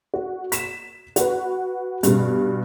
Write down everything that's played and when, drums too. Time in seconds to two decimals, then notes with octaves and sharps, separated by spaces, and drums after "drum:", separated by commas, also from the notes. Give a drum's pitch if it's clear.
0.14 F#4
0.52 B6 E7, drum: hi-hat
1.16 F#4 B4, drum: hi-hat
2.03 G2 B2, drum: hi-hat